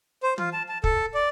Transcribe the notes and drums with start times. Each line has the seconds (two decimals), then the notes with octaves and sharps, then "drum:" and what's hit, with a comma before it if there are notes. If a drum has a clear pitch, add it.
0.23 C5
0.38 F4, drum: tom
0.53 A5
0.69 A5
0.84 A4, drum: kick
1.14 D5